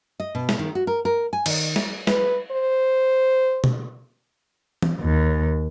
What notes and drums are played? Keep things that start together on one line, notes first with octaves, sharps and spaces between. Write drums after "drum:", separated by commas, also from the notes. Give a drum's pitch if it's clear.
D#5
B2
drum: snare
D#3
F#4
A#4
A#4
G#5
D#3, drum: cymbal
drum: snare
B4, drum: snare
C5
drum: tom
drum: tom
D#2